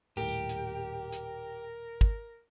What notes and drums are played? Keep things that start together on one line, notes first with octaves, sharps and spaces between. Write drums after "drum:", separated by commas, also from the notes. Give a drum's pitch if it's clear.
D#1 A2 G4 A#4
drum: tambourine
drum: hi-hat
drum: hi-hat
drum: kick